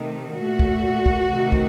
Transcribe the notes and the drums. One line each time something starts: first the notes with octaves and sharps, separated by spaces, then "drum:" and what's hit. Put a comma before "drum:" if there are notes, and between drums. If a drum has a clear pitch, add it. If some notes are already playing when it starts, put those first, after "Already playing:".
Already playing: C3 D#3 A3
A#2 A3 F#4
drum: kick
drum: kick
C3 D#3 A3
drum: kick